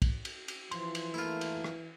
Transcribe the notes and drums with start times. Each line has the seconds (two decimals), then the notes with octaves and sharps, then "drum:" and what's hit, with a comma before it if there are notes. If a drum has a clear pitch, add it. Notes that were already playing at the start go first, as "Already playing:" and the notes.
0.02 drum: kick, cymbal
0.25 drum: cymbal
0.48 drum: cymbal
0.71 E3 F3 C6, drum: cymbal
0.95 drum: cymbal
1.14 G#1 A3 A#3 E4 F4
1.41 drum: cymbal
1.64 drum: rim click